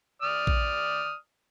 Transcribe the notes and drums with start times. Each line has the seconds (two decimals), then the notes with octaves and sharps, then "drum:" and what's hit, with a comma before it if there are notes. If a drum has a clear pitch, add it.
0.22 D5 D#6 F6
0.47 drum: kick A#1